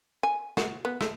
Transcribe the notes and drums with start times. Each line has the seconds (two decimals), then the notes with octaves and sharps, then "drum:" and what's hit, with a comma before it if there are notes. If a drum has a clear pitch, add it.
0.23 G#5
0.57 F#4, drum: snare
0.85 B3
1.01 A3, drum: snare